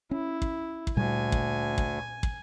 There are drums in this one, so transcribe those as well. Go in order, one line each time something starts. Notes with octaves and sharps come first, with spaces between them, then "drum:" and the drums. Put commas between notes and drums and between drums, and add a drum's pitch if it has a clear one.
C#4 E4
drum: kick
drum: kick
D2 A#2 G3 G#5
drum: kick
drum: kick
drum: kick